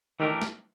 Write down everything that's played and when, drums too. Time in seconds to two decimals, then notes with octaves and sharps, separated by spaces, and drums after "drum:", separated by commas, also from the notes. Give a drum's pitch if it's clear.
0.19 D#3 E3 A3 D4 G4 A#4
0.42 drum: snare